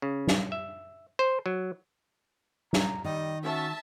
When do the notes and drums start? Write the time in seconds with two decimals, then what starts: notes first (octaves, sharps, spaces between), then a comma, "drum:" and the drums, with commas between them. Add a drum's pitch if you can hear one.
0.02 C#3
0.27 drum: snare
0.52 E5
1.19 C5
1.46 F#3
2.73 A#5, drum: snare
3.05 D#3 G3 D#5
3.43 C#4 F#4 E5 A5